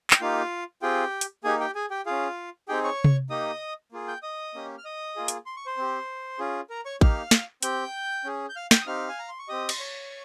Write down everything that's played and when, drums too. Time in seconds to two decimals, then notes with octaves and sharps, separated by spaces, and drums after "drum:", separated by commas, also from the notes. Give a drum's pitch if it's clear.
0.11 G5, drum: clap
0.20 A#3 D#4 F4 G4 F5
0.82 C4 F4 G4 G#4 G5
1.21 drum: hi-hat
1.44 A#3 D#4 G4 G#4 G#5
1.60 G4 G5
1.75 G#4 G#5
1.90 G4 G5
2.06 C#4 F4 G#4 F5
2.68 C4 D#4 G4 G#4 G5
2.84 C#5 C#6
3.04 drum: tom C3
3.30 A#3 D#4 G4 D#5 D#6
3.92 A#3 F4 G#4
4.07 G5 G6
4.22 D#5 D#6
4.54 A#3 C#4 G4
4.78 F6
4.85 D#5 D#6
5.16 A#3 F4 G#4
5.28 drum: hi-hat
5.46 C6
5.57 C#6
5.66 C5 C6
5.77 C4 G4
6.39 C#4 F4 G#4
6.70 A#4 A#5
6.85 C#5 C#6
7.01 A#3 D#4 G4 F5 F6, drum: kick A1
7.31 drum: snare
7.62 C4 G4 G5 G6, drum: hi-hat
8.24 C#4 G#4
8.49 G6
8.56 F5 F6
8.71 G5 G6, drum: snare
8.81 D#6
8.87 C4 D#4 G4 F5 F6
9.09 G#5
9.19 A#5
9.29 C6
9.39 C#6
9.48 C4 G4 D#5 D#6
9.69 C6, drum: cymbal
9.79 C#5 C#6